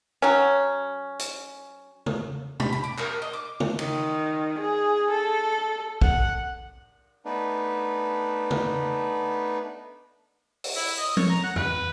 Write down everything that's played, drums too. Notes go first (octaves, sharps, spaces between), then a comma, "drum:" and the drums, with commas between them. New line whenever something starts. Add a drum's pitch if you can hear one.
F#3 C#4
drum: hi-hat
drum: tom C#3
B5, drum: tom B2
B5
D6
A#4, drum: clap
D#5
D6
drum: tom C#3
D#3, drum: cymbal
G#4
A4
F#5, drum: kick
A3 B3 D4 D#4 B4
drum: tom C#3
drum: open hi-hat
E4
D#5
C#5, drum: tom F3
A#5
F#5
B4, drum: tom F2